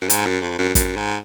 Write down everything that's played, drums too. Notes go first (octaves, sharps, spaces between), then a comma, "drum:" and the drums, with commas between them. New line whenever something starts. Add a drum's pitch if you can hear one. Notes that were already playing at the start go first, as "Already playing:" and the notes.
F#2
G#2, drum: hi-hat
F#2
F2
F#2
F#2, drum: kick, hi-hat
G#2